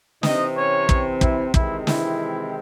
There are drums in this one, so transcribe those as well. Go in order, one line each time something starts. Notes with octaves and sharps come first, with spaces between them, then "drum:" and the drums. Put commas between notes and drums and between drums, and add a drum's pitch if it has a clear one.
C3 E3 C4 D#4 D#5, drum: snare
C#4 C#5
drum: kick
E3 E4, drum: kick
C3 D#3 E3 G#3 C4 E4, drum: kick
E3 E4, drum: snare